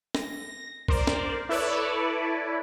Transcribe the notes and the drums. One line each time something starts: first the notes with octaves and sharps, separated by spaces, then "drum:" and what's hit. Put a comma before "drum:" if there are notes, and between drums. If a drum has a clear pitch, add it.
A#6, drum: snare
A#4 C5 D5, drum: kick
drum: snare
E4 A4 B4 C#5 D5